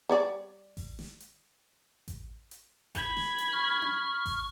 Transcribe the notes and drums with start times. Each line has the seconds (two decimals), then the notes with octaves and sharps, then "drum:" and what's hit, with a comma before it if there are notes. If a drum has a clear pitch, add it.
0.09 G3 C#5 D5
0.77 drum: kick A1, open hi-hat
0.99 drum: snare
1.20 drum: hi-hat
2.08 drum: kick A1, hi-hat
2.51 drum: hi-hat
2.95 B5 G#6, drum: kick A1, hi-hat
3.17 drum: snare
3.38 drum: hi-hat
3.52 C#6 F6
3.82 drum: tom C#4
4.26 drum: kick A1, open hi-hat